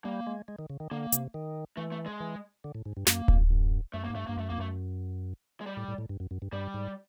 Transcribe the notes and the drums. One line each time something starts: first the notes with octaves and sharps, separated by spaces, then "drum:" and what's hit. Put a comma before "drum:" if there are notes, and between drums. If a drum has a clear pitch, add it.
G3 A#3
G#3
G#3
D#3
C#3
D#3
D3 A#3
C3, drum: hi-hat
D#3
E3 A3
A3
G#3
E3
D3
A2
G#2
G2
F#2 A#3, drum: snare
F2, drum: kick D1
F#2
F#2 A3
A#3
G#2
G2 A3
G2 A#3
F#2 A3
F2 A#3
F#2 A3
G#3
G3
A2
A2
A2
G2
F#2
F#2
G2
G2 G3
G#2